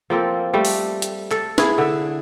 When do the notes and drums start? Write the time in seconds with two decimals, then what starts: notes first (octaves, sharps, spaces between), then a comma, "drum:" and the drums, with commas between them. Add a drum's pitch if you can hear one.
0.10 F3 A#3 C4 A4
0.54 G3 A3
0.65 drum: open hi-hat
1.02 drum: hi-hat
1.31 A4, drum: clap
1.58 E4 G#4, drum: snare
1.78 D3 E5